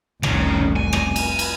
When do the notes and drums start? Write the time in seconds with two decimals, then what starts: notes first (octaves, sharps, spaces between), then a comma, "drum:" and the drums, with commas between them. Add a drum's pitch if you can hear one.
0.23 F1 C2 D#3 C#4, drum: rim click
0.76 G#5
0.93 drum: rim click
1.16 drum: cymbal
1.39 drum: cymbal